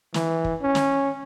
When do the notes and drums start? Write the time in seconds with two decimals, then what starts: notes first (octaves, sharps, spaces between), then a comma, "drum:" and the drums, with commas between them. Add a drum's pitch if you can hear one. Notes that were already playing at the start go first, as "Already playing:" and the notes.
0.14 E3, drum: snare
0.45 drum: kick
0.62 C#4
0.75 drum: snare